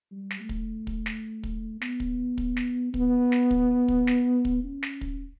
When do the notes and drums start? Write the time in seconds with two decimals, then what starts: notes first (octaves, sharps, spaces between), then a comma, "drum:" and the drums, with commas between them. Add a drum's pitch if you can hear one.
0.11 G3
0.30 drum: snare
0.40 A3
0.49 drum: kick
0.87 drum: kick
1.06 drum: snare
1.43 drum: kick
1.81 B3, drum: snare
2.00 drum: kick
2.38 drum: kick
2.56 drum: snare
2.94 B3, drum: kick
3.32 drum: snare
3.51 drum: kick
3.88 drum: kick
4.07 drum: snare
4.45 drum: kick
4.64 C#4
4.83 drum: snare
5.01 drum: kick